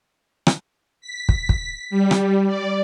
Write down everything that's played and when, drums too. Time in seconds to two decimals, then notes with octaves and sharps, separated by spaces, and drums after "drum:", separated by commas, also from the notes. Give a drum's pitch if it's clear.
0.47 drum: rim click
1.01 B6
1.29 drum: kick
1.49 drum: kick
1.90 G3
2.11 drum: rim click
2.47 D5